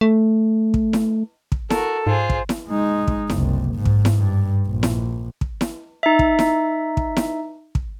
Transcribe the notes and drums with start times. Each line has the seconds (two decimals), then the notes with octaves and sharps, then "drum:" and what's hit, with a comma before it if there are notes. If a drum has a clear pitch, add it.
0.01 A3
0.74 drum: kick
0.93 drum: snare E4
1.52 drum: kick
1.70 F#4 A4 A#4, drum: snare E4
2.07 G#2 F4 G#4 C5
2.30 drum: kick
2.49 drum: snare E4
2.69 G#3 D#4
3.07 drum: kick
3.30 F#1 C2, drum: snare E4
3.75 G#2
3.85 drum: kick
4.05 drum: snare E4
4.18 G2
4.68 A#1
4.83 drum: snare E4
5.41 drum: kick
5.61 drum: snare E4
6.03 D#4 E5
6.19 drum: kick
6.39 drum: snare E4
6.97 drum: kick
7.17 drum: snare E4
7.75 drum: kick